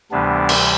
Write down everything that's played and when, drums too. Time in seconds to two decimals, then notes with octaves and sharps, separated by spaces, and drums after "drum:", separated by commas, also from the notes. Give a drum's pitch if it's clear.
0.11 D2 C3 E3 G3 B3 D4
0.49 drum: cymbal